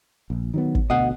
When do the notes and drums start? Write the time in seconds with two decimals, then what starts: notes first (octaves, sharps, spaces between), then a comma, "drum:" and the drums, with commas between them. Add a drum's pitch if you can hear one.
0.30 A#1
0.54 D#3 F#3 B3
0.75 drum: kick
0.90 D2 B2 D#5 F#5